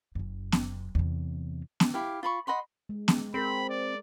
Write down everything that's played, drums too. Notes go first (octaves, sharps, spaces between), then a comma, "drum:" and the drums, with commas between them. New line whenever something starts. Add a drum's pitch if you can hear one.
F#1 F#2
drum: snare B3
E2 C3
drum: snare B3
E4 G4 F5
F4 B5 C#6
D#5 F#5 B5 C6
G#3
drum: snare B3
C4 G#4 A#4 B5
D5